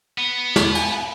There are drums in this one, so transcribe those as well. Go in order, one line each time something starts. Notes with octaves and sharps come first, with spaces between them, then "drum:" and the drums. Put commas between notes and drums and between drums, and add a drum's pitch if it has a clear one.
B3
drum: snare
drum: cymbal